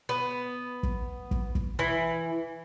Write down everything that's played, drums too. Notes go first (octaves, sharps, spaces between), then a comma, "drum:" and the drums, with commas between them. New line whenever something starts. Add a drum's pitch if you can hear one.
B3
drum: kick
drum: kick
drum: kick
E3